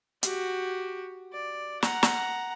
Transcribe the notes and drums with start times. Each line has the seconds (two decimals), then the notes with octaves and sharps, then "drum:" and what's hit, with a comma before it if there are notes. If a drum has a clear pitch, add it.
0.23 F#4 G4, drum: hi-hat
1.33 D5
1.82 F#5 A#5, drum: snare
2.03 drum: snare